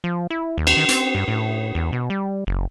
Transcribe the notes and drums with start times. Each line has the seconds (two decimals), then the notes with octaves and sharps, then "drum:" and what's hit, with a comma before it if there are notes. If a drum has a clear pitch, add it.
0.04 F3
0.30 E4
0.58 D#2
0.67 drum: cymbal
0.77 D#3
0.89 C4, drum: hi-hat
1.15 G2
1.28 A2
1.75 E2
1.92 B2
2.10 G3
2.47 F#1